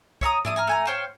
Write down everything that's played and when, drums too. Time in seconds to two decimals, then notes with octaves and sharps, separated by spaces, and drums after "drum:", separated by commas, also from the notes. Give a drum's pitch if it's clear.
0.21 C#5 E5 A#5 D#6, drum: kick
0.45 D4 E4 D#6, drum: tom G#2
0.56 G#5 A#5 F6
0.67 A3 G#5 A#5
0.87 C5 C#5 F5 G5